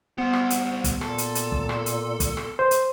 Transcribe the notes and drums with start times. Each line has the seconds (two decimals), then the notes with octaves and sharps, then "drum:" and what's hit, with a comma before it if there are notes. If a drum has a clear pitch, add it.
0.18 G3 B3 C5
0.33 drum: rim click
0.50 drum: hi-hat
0.84 drum: kick, hi-hat
1.01 A#2 A4, drum: rim click
1.18 drum: hi-hat
1.35 drum: hi-hat
1.52 drum: kick
1.69 drum: rim click
1.86 drum: hi-hat
2.20 drum: kick, hi-hat
2.37 drum: rim click
2.59 C5
2.71 drum: hi-hat